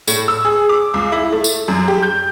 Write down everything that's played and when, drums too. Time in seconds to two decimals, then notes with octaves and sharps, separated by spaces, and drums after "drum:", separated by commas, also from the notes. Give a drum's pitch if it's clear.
0.07 A2, drum: tambourine
0.28 E6
0.45 G#4
0.69 D6
0.94 C#2
1.12 E4
1.32 A3
1.44 drum: tambourine
1.68 F#2
1.88 G4
2.02 G6